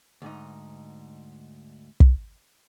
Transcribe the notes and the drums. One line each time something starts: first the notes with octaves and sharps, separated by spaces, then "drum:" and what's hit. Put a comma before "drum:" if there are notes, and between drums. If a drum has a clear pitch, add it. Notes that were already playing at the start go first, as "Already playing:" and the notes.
D2 G#2 D#4
drum: kick